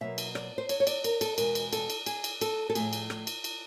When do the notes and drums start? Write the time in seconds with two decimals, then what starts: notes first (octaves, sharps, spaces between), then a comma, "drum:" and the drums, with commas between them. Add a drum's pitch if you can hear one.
0.01 B2 F#3 A#3 E5
0.18 drum: cymbal
0.35 D5, drum: rim click
0.58 C5
0.69 C#5, drum: cymbal
0.80 C#5
0.87 D5, drum: cymbal
1.04 A#4, drum: cymbal
1.21 A4, drum: cymbal
1.38 E2 B2 G#3 A#4, drum: cymbal
1.55 drum: cymbal
1.73 A4, drum: cymbal
1.90 drum: cymbal
2.06 G#4, drum: cymbal
2.24 drum: cymbal
2.41 A4, drum: cymbal
2.70 A4
2.75 A2 F3 A3 G#4, drum: cymbal
2.93 drum: cymbal
3.10 drum: rim click
3.27 drum: cymbal
3.44 drum: cymbal